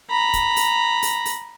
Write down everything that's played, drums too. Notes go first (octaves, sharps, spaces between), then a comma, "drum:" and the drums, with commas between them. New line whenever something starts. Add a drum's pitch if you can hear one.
A#5 B5
drum: kick, hi-hat
drum: open hi-hat
drum: open hi-hat
drum: open hi-hat